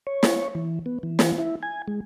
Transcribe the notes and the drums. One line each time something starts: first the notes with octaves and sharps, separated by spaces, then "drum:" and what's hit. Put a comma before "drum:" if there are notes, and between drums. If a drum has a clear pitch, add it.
C#5
drum: snare
E3
B3
E3
drum: snare
E4
G#5
G#3